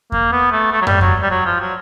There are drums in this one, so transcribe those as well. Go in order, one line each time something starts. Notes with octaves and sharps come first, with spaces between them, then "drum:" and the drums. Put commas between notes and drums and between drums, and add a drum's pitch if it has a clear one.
A#3, drum: kick E2
B3
A3
A3
F#3
G3, drum: tom F#2
F#3, drum: kick E2
G3
F#3
F3
F#3